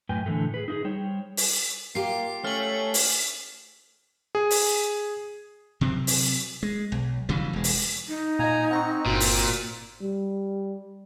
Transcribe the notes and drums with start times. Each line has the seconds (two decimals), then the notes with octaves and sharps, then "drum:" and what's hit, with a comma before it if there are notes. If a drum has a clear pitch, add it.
0.09 F#2 A2 B4 G5 G#5
0.26 A2 D3 E3 G#3 A3
0.54 G#4 B4
0.68 D#4 E4 G#4
0.85 G3 C5 C#5 G5
1.37 drum: open hi-hat
1.95 A#3 F4 G4 C7
2.44 A3 C#4 F6 F#7
2.94 drum: open hi-hat
4.35 G#4
4.51 drum: open hi-hat
5.81 C3 F#3 C4
6.07 drum: open hi-hat
6.63 G#3
6.92 B1
7.29 C#3 E3 F#3 G3
7.53 E1 G#3
7.64 drum: open hi-hat
8.08 D#4
8.39 A#2 D#5 G#5 A#5
8.71 C4 F#5 A#5 C#6
9.06 G1 A#2 F#4
9.20 drum: open hi-hat
10.02 G3